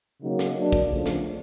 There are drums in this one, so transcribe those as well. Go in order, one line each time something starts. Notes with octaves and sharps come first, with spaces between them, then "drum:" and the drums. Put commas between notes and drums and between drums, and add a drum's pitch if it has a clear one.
C#3 F#3 A#3 D#4
drum: snare
F#3 A#3 D4
drum: kick, tambourine
C#3 F3 A3
drum: snare